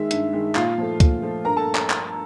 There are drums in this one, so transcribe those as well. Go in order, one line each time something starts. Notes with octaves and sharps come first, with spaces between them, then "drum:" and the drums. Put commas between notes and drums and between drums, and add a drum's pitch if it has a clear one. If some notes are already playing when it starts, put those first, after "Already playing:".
Already playing: D#3 G#3 E5
G2, drum: hi-hat
D#3 G#3
A#2 F4 F5, drum: clap
F3 A3
A#2, drum: kick C#2, hi-hat
F3 A3
G2 A#4 A#5
A4 A5
drum: clap
drum: clap